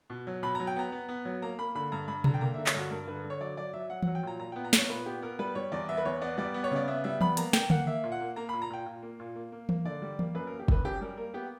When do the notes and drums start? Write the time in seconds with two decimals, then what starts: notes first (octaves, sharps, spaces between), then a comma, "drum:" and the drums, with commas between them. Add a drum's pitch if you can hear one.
0.10 B2
0.27 F#3
0.43 B2 B5
0.55 F#3 A#5
0.67 G5
0.76 B3 A#5
0.92 B3
1.09 B3
1.25 F#3
1.42 A#3 A#5
1.59 A#3 B5
1.75 D3 B5
1.92 G2 A#5
2.08 G2 B5
2.24 D3 A#5, drum: tom B2
2.34 G5
2.41 A#3 A#5
2.54 E5
2.58 D3
2.66 C#5, drum: clap
2.74 G2 F#4
2.91 G2 A#4
3.08 D3 B4
3.24 D3
3.30 C#5
3.41 F#3 D5
3.57 F#3 D5
3.73 F#3 E5
3.90 F#3 F#5
4.03 F#5, drum: tom E3
4.07 F#3
4.15 G5
4.23 A#2 A#5
4.39 A#2 A#5
4.52 B3 G5
4.64 A#5
4.73 B3 C#5, drum: snare
4.89 A#2 B4
5.06 B3 G4
5.22 B3 A#4
5.39 G3 B4
5.55 G3 C#5
5.72 E2 D5
5.89 B3 E5
5.97 B4
6.05 E2 C#5
6.21 B3 D5
6.38 G3 D5
6.54 B3
6.64 C#5
6.71 C#3 D5
6.88 B3 E5
7.04 G3 E5
7.21 B3 B5, drum: tom E3
7.37 A#3 A#5, drum: hi-hat
7.53 A#3 G5, drum: snare
7.70 A#3 F#5, drum: tom D3
7.87 A#3 E5
8.04 A#2
8.12 F#5
8.21 A#3
8.36 A#3 A#5
8.49 B5
8.53 A#2
8.62 A#5
8.70 A#2 G5
8.86 A#2
9.03 A#3
9.20 A#2
9.36 A#3
9.52 A#3
9.69 A#3, drum: tom E3
9.85 D3 D5
10.02 G3
10.19 A#3, drum: tom E3
10.35 F#2 B4
10.47 A#4
10.51 A#3
10.60 G4
10.68 F#2 B4, drum: kick G1
10.85 F#2 G4
11.01 G3 A#4
11.17 A#3 A#4
11.34 B3 G4